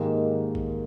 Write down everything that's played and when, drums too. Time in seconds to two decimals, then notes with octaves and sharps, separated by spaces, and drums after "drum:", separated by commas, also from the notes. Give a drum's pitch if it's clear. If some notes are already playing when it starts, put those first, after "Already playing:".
Already playing: G#2 D#3 A#3 D#4 G4
0.55 drum: kick A1